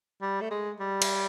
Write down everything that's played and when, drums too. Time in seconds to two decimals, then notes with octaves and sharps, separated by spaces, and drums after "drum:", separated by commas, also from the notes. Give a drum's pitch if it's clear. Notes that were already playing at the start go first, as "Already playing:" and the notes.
0.21 G3
0.41 A3
0.51 G#3
0.80 G3
1.02 drum: cymbal